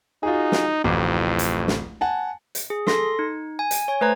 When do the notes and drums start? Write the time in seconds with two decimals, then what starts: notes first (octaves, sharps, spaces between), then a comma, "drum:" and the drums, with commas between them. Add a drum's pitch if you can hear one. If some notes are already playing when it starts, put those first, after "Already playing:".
0.23 D#4 F4 F#4 G#4
0.52 drum: snare
0.84 D1 A1 F2 D6
1.39 drum: hi-hat
1.68 drum: snare
2.01 F#5 G#5 A5
2.55 drum: hi-hat
2.70 G#4
2.87 A4 C6 A#6, drum: snare
3.19 D#4
3.59 G#5
3.71 drum: hi-hat
3.88 C#5 G#5
4.01 A3 B4 C5 A#5 G#6